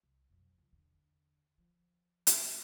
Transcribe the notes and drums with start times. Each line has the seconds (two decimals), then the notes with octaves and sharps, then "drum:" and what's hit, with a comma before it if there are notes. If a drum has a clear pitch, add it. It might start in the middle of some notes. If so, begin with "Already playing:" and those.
0.03 C2
0.30 B1 F2
0.58 C#2
0.72 E2 D3
1.58 F3
2.27 drum: hi-hat
2.38 G#1